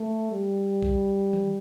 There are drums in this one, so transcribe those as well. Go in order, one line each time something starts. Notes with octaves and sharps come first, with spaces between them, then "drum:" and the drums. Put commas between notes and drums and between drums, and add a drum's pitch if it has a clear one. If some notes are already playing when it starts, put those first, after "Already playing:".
Already playing: A3
G3
drum: kick A#1
drum: tom D#3